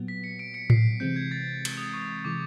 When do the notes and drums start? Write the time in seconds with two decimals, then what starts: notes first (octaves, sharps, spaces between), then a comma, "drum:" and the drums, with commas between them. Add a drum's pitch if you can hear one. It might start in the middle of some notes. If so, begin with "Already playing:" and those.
Already playing: A#2 F#3 B3
0.08 B6
0.24 C#7
0.39 D7
0.54 C#7
0.70 C7, drum: tom A2
1.00 C3 E3 G#3 C4 G6
1.16 G#6
1.31 A6
1.65 drum: cymbal
1.77 D#6
1.94 C#6
2.25 C3 E3 G#3 D6